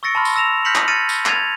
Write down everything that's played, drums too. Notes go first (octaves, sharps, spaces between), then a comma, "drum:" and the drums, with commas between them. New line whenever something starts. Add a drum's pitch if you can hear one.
C#6 E6 A6 A#6 C#7 D7
A5 B5 C6 F6
drum: tambourine
E6 A#6 E7 F7
F6 G6 A#6 B6 C#7 F#7
drum: clap
F6 A6 A#6 C#7 D#7
drum: tambourine
G#6 A6 D#7 F7, drum: clap